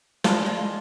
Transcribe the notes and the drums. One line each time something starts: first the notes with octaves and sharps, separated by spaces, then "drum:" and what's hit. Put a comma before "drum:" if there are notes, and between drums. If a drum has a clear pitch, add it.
D4 F4, drum: snare
G#3